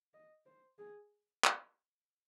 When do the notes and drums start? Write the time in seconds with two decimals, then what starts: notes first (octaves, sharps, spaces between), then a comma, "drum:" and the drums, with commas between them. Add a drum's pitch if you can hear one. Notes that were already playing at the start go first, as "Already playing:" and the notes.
0.14 D#5
0.46 C5
0.79 G#4
1.44 drum: clap